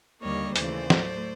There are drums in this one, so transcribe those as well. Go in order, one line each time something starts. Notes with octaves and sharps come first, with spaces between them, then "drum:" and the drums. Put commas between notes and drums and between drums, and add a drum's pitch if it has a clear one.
D#2 D3 G3 A#3 C#5 D#5
D#2 C#3 E3 A3 C5 D5, drum: hi-hat
A2 F#3 A3, drum: snare